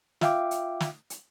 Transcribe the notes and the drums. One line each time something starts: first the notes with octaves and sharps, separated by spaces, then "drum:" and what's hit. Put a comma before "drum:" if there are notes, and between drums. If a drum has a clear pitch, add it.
F4 E5 F5 G5 D6, drum: snare
drum: hi-hat
drum: snare
drum: hi-hat